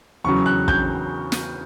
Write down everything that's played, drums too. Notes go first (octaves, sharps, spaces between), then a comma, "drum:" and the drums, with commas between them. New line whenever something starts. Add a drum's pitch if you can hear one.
E2 C#3 F#3 C#6
F#6
G6, drum: kick
drum: snare